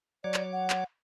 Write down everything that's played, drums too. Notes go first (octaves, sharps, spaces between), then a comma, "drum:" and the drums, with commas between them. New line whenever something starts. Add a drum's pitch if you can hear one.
F#3 C#5 D5 D6
drum: clap
F#5
drum: clap